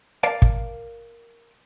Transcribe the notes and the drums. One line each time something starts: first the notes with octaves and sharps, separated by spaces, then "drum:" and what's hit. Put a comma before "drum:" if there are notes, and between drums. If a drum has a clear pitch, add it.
A#4 D5 F5 A5
drum: kick